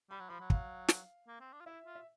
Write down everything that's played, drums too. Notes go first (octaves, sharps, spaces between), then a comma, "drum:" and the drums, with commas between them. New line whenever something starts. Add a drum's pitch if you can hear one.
G3 B5
F#3
F3 B5
F#3
F5, drum: kick
drum: snare
A#3
C4
D4
F4
E4 E5
F4
E5